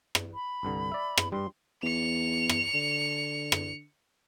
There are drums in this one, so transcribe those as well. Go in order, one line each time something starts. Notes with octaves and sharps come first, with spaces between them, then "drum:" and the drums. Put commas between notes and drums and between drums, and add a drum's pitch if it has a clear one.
drum: rim click
B5
C2 G2 D3
D5 E5
drum: rim click
G2 G3 C6
E2 C#7 F7
drum: rim click
D3
drum: rim click